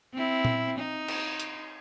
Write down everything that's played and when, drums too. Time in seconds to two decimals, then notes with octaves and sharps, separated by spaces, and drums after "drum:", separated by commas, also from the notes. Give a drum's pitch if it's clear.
0.14 C4 E4
0.45 drum: tom A#2
0.78 D#4
1.08 drum: cymbal
1.40 drum: hi-hat